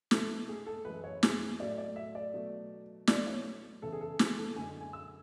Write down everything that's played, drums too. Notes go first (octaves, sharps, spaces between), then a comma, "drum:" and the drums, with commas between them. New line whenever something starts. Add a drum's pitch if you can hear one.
B2 A3 A4, drum: snare
G#4
A4
F#2 E3 G#3 B4
C#5
G#4, drum: snare
A2 F#3 A3 D5
D5
E5
D5
B2 F#3 A3
B2 F#3 A3 D5, drum: snare
C#5
E2 C#3 E3 A4
G#4
A4
G#4, drum: snare
A4
F#2 D3 G#3 G#5
G#5
E6